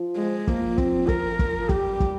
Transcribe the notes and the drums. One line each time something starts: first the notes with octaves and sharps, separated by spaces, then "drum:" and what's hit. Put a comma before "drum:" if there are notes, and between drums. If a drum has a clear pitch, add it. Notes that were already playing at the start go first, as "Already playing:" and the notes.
Already playing: F3
G#3
F3 A#3, drum: kick
C4, drum: kick
A#4, drum: kick
drum: kick
F3
G3 G4, drum: kick
drum: kick